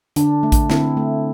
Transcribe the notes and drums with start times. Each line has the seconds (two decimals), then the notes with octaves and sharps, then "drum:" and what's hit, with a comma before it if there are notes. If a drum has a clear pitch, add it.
0.16 D3 D4, drum: hi-hat
0.43 A3
0.52 drum: kick A1, hi-hat
0.70 D3 C4 E4, drum: snare
0.97 A3